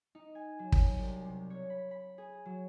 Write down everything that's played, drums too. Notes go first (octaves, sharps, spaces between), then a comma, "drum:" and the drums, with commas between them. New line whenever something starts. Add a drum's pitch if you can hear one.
D#4
G#5
F#3
drum: kick
C2
C3
C#5
B5
B5
G#4
F#3